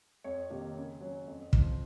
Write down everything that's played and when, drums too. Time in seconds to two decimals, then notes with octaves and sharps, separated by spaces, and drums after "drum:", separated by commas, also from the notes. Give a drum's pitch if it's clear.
0.24 F2 C#5
0.50 C3 D#3 A#3
0.75 C#3
1.01 F#3 C#4
1.27 F2
1.53 C#3 F3 C4, drum: kick